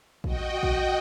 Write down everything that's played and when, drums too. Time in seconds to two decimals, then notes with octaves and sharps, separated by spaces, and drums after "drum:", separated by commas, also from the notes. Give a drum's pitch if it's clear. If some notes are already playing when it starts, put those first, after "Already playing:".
0.24 F#4 D#5 G5, drum: kick A#1
0.63 drum: kick A#1